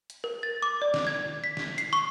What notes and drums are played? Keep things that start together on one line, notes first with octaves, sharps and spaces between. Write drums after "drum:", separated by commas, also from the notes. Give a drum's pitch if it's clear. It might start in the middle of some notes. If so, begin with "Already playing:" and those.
drum: hi-hat
A#4
A6
D6
D5
drum: snare
G#6
B6
drum: snare
C7, drum: hi-hat
C#6